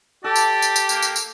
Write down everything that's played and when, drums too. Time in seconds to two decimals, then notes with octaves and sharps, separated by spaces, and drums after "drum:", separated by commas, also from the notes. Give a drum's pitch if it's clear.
0.24 G4 A4 D5
0.36 drum: tambourine
0.62 drum: tambourine
0.76 drum: tambourine
0.89 A#3, drum: tambourine
1.02 drum: tambourine
1.16 drum: tambourine